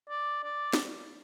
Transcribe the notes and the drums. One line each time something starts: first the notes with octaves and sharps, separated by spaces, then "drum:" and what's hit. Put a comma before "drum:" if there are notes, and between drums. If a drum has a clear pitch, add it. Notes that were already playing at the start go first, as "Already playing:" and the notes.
D5
D5
drum: snare